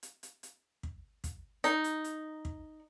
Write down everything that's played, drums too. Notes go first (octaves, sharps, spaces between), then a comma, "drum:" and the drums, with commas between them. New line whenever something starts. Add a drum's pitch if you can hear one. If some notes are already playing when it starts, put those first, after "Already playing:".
drum: hi-hat
drum: hi-hat
drum: hi-hat
drum: kick
drum: kick, hi-hat
D#4, drum: hi-hat
drum: hi-hat
drum: hi-hat
drum: kick